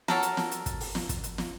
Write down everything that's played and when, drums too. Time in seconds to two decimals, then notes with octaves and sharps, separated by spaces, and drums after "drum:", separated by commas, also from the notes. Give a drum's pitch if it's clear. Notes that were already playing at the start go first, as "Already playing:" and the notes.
0.08 F#3 A4 A#4, drum: snare
0.23 drum: hi-hat
0.37 drum: snare
0.52 drum: hi-hat
0.66 drum: kick, hi-hat
0.80 drum: open hi-hat
0.95 drum: snare
1.09 drum: kick, hi-hat
1.24 drum: hi-hat
1.38 drum: snare